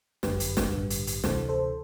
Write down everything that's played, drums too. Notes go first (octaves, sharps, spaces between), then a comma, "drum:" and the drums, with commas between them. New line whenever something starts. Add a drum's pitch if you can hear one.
G1 F#2 D3 G4 B4, drum: snare
drum: hi-hat
drum: snare
A1 G2 D3
drum: hi-hat
drum: hi-hat
D2 C3 E3 A4 C5, drum: snare
A4 C5